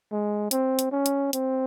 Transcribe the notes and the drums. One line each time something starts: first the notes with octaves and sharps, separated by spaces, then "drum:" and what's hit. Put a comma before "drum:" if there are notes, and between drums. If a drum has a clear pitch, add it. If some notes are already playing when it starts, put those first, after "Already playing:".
G#3
C4, drum: hi-hat
drum: hi-hat
C#4
drum: hi-hat
C4, drum: hi-hat